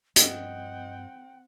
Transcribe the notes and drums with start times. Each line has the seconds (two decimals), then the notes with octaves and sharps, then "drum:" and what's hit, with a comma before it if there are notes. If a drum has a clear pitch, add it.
0.16 G2 F3 C4 D#5 F#5 G5, drum: hi-hat